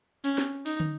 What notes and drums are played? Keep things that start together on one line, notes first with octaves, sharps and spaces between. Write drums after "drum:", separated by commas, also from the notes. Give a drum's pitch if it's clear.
C#4, drum: open hi-hat
drum: snare
D#4, drum: open hi-hat
drum: tom